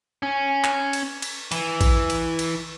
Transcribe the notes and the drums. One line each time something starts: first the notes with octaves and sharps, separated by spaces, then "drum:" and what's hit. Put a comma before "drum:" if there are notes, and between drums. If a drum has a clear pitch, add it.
C#4
drum: clap
drum: cymbal
drum: cymbal
E3, drum: cymbal
drum: kick, cymbal
drum: cymbal
drum: cymbal